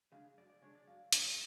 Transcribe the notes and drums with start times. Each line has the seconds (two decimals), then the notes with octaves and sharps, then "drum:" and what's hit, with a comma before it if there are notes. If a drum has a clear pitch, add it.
0.12 C#3 G#3 D4 F5
0.38 F#2 D5
0.50 D5
0.62 C#3 G#3 D4 C#5
0.75 D5
0.87 F#2 F5
1.12 C#3 G#3 D4, drum: hi-hat